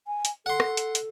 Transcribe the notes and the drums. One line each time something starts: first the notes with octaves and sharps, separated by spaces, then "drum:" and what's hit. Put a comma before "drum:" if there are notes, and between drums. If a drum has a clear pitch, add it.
G#5
drum: hi-hat
A4 F#5 C6
drum: rim click
drum: hi-hat
drum: hi-hat